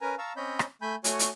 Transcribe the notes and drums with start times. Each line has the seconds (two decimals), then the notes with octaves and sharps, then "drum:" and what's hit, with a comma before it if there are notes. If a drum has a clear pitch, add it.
0.01 C#4 A#4 B4 G#5 A#5
0.18 F5 A5 A#5 C#6 E6
0.36 C4 C#4 C#5 D#5 B5 G6
0.59 drum: rim click
0.82 A3 G#5 B5 G6
1.04 A3 F#4 C#5 F#5 G#5, drum: hi-hat
1.19 drum: hi-hat